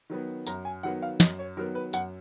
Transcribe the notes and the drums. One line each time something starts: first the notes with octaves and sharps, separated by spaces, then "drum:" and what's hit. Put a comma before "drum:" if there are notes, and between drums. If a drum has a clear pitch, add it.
D#3 F#3 B3
F#2 A#5, drum: tambourine
G#5
D#3 F#3 B3 F#5
F5
F#2 D#5, drum: snare
C#5
D#3 F#3 B3 A#4
B4
F#2 F#5, drum: tambourine